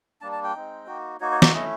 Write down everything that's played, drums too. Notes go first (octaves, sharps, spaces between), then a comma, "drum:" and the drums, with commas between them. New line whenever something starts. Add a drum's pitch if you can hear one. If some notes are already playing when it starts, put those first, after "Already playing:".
G3 A#3 D4 A5
A5
G5
G#3 C4 D#4
A#3 D#4 F#4
A#3 D#4 F#4 C#5
C#5
D5, drum: snare
A3 C#4 E4 D#5